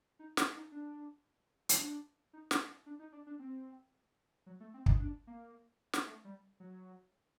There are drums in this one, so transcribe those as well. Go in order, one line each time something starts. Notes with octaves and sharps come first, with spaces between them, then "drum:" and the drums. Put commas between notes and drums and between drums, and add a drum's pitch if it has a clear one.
D#4
D4, drum: snare
D#4
D4
drum: hi-hat
D4
D#4
D4, drum: snare
D4
D#4
D4
D4
C4
F#3
A3
C4
D#4, drum: kick
D4
A#3
drum: snare
A3
G3
F#3